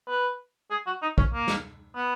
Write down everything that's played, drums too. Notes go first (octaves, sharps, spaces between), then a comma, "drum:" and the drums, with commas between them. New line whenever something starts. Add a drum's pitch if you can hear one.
B4
G#4
F#4
D#4
C#4, drum: kick
A#3
drum: snare
B3